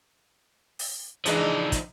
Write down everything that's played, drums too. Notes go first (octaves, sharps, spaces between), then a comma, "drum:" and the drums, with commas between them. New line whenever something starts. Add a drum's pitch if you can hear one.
drum: open hi-hat
E3 F3 G#3 D4 D#4, drum: hi-hat
drum: kick, hi-hat